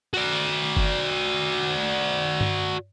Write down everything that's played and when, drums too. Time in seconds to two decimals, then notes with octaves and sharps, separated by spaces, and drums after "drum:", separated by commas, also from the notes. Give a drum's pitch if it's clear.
0.14 F#4 D5
0.76 drum: kick F#1
2.41 drum: tom G2